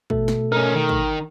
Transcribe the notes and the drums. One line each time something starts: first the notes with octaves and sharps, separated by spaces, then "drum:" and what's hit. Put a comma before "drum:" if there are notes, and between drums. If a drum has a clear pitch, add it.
B2 A3 A4, drum: kick
drum: snare
C#4 D#4 A#4
D#3
drum: kick